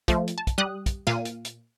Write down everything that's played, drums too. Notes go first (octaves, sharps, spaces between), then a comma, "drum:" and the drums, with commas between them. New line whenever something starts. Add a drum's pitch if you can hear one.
F3 A3, drum: kick, hi-hat
drum: hi-hat
A5
drum: kick, hi-hat
G3 G4 D#6 F#6
drum: kick, hi-hat
A#2 F5 D#7, drum: snare
drum: hi-hat
drum: hi-hat